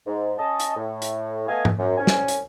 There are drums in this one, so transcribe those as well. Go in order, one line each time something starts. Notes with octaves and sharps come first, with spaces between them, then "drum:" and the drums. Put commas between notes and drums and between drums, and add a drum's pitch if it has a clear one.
G#2
C#4 D#5 A5
drum: hi-hat
A2
drum: hi-hat
A3 B3 D#5 F5 G#5
drum: tom G#2
F#2
C2 C#4 G#5
drum: snare
drum: hi-hat